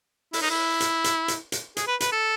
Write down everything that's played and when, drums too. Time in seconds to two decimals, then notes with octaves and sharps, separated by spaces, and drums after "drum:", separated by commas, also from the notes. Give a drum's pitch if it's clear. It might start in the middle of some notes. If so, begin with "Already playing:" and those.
0.33 E4, drum: open hi-hat
0.42 D#4
0.50 E4
0.80 drum: hi-hat
1.04 drum: hi-hat
1.28 drum: hi-hat
1.52 drum: hi-hat
1.77 G#4, drum: hi-hat
1.87 B4
2.00 B4, drum: hi-hat
2.12 A4